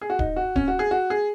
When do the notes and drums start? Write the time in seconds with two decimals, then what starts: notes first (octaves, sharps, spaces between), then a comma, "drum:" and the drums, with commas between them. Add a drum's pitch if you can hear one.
0.01 G#4
0.10 F#4
0.19 D#4, drum: kick D1
0.36 F#4
0.56 C#4, drum: kick D1
0.68 F#4
0.79 G#4
0.91 F#4
1.10 G#4